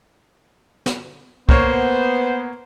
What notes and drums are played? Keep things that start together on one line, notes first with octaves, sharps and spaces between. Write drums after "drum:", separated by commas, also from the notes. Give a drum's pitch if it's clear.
drum: snare
A#3 B3 C5 C#5, drum: kick